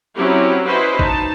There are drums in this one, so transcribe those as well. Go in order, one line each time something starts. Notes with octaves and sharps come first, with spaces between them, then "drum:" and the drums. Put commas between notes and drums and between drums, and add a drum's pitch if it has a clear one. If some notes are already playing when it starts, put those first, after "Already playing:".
F#3 C4 C#4 E4 F#4 G4
C#4 E4 F#4 B4 C5 D#5
D#4 A5, drum: kick G#1